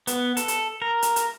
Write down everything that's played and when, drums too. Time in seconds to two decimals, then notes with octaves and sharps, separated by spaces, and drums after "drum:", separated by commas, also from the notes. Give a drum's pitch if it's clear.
0.07 B3, drum: hi-hat
0.37 A4, drum: hi-hat
0.48 drum: hi-hat
0.82 A#4
1.02 drum: hi-hat
1.16 drum: hi-hat